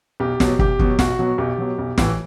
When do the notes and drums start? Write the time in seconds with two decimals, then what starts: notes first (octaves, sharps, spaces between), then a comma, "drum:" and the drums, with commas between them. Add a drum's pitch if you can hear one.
0.20 B1 G4
0.40 B2 F#3, drum: snare
0.59 B1 G4, drum: kick
0.79 B2 F#3, drum: kick
0.99 B1 F#4, drum: snare
1.19 B2 F#3
1.38 B1 G4
1.58 B2 F#3
1.78 B1
1.98 A2 E3, drum: snare